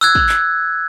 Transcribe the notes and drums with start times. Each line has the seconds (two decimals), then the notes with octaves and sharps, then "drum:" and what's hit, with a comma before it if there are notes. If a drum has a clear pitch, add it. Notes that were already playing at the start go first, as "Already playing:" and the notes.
0.01 E6 F#6 G#6
0.15 drum: kick
0.29 drum: clap